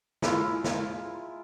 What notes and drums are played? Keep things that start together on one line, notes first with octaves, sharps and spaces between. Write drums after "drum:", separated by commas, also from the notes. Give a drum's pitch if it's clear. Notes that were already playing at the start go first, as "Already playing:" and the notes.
G#3 E4 F4 A#4, drum: snare
drum: snare